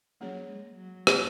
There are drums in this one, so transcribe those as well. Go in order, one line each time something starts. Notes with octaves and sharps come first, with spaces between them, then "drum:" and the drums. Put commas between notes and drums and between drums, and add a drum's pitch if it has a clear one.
F#3 A#3 C#4 G#4 C#5
G#3
F#3
A#3 C#4 F#4 C#5, drum: rim click